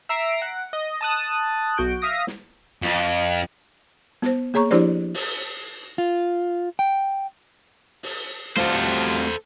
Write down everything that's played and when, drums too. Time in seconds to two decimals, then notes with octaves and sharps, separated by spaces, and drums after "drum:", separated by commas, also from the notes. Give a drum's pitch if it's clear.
0.09 E5 A#5 C7 D7
0.42 F#5
0.73 D#5
1.01 A5 D#6 F#6
1.77 B1 F#4 G6 D7
2.02 E5 F5 D#6 A#6
2.27 drum: snare
2.82 F2
4.22 B3 C5, drum: snare
4.54 A#3 G#4 C#5 A#5 C#6
4.71 F3 D4 E4 G4 C5 D5, drum: snare
5.14 drum: open hi-hat
5.98 F4
6.79 G5
8.03 drum: open hi-hat
8.57 C3 F3 A3 C4 F#4 A4 C5, drum: snare